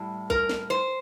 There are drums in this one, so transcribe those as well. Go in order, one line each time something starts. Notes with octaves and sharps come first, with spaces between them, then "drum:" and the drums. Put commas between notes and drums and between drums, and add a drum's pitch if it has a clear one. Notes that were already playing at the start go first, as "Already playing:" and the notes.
Already playing: A2 G3
A#4, drum: kick
drum: snare
C5